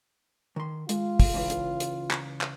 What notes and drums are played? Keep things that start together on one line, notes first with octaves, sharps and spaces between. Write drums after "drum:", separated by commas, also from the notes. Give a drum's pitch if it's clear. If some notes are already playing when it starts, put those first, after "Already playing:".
D#3 C6
G#3 F4, drum: hi-hat
drum: kick, open hi-hat
C#2 E3
drum: hi-hat
drum: hi-hat
drum: clap
drum: clap